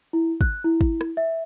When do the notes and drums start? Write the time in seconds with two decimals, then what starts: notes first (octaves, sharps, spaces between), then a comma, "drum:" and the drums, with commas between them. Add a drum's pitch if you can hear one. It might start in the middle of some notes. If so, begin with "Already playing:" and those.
0.13 E4
0.41 F#6, drum: kick
0.65 E4
0.81 drum: kick
1.01 drum: rim click
1.17 E5